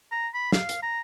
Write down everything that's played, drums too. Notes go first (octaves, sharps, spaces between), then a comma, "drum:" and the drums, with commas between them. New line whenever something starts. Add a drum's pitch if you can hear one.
A#5
B5
F5, drum: snare
drum: hi-hat
A#5